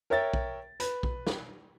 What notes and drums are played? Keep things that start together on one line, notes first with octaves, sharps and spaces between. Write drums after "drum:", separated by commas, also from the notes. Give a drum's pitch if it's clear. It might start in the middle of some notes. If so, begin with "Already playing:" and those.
A#4 C#5 E5 G5 A6
drum: kick B1
B4, drum: hi-hat
drum: kick B1
drum: snare